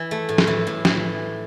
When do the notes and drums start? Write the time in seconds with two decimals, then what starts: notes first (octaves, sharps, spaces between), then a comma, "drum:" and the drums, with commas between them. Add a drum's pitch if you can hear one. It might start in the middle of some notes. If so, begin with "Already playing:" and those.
Already playing: E3
0.11 A3
0.29 A2
0.38 drum: snare
0.47 E3
0.67 A2
0.85 E3, drum: snare